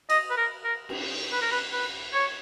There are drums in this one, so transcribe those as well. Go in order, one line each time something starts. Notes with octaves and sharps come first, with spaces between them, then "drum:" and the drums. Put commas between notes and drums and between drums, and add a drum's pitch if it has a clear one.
D#5, drum: cymbal
B4
A#4
A#4
drum: cymbal
B4
A#4
B4
B4
C#5